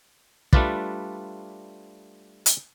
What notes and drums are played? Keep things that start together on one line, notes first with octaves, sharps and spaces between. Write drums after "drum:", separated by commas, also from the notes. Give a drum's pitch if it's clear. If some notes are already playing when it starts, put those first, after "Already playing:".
G3 A3 D4 F4 B4 D5, drum: kick
drum: hi-hat